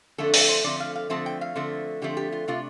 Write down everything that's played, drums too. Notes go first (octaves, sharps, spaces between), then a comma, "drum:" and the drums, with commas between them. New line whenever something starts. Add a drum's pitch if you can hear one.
F2 D3 A3 D4 A4
A4, drum: open hi-hat
C5
D3 F3 A3 C4 D5
F5
F5
D3 F3 A3 C4 A5
G5
F5
D3 F3 A3 C4
D3 F3 A3 C4 G4
G4
F4
C3 A3 D4 F4